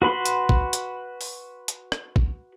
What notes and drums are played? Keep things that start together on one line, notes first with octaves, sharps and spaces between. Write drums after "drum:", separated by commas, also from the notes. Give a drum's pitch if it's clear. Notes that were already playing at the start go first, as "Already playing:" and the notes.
F#4 B4 B5 C6
drum: hi-hat
drum: kick
drum: hi-hat
drum: open hi-hat
drum: hi-hat
drum: rim click
drum: kick